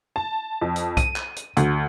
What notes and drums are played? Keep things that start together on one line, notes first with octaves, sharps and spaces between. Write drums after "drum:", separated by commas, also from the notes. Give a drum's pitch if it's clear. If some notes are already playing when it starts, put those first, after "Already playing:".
A5
F2
drum: hi-hat
D#7, drum: kick B1, hi-hat
drum: clap
drum: hi-hat
D2, drum: hi-hat